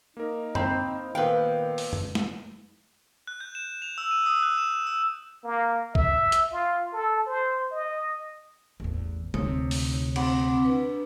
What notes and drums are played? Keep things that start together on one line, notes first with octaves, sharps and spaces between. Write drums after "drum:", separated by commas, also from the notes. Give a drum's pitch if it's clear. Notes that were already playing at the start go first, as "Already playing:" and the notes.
A#3 D#4 A#4
C4 C5 A#5 B5, drum: tom F#2
A#2 D#3 B3 B4 F5 G5
drum: open hi-hat
drum: tom F#2
drum: snare
F#6
G6
E7
F7
E6
D#7
D#6
F#6
E7
E7
E6
A#3
E5, drum: kick
drum: hi-hat
F4
A4
C5
D#5
A1 E2
D2 C3 D#4 C#5, drum: tom
drum: open hi-hat
C4 F#5 D6, drum: cymbal
D4 B4